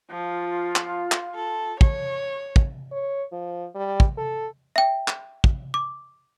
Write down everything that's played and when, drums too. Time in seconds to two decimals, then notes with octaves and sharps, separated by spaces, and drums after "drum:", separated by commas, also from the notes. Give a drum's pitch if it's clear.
0.11 F3 F4
0.76 drum: clap
1.12 drum: clap
1.35 A4
1.81 C#5, drum: kick
2.56 drum: kick
2.92 C#5
3.32 F3
3.75 G3
4.00 drum: kick
4.17 A4
4.76 E5 G5
5.08 drum: clap
5.44 drum: kick
5.74 D6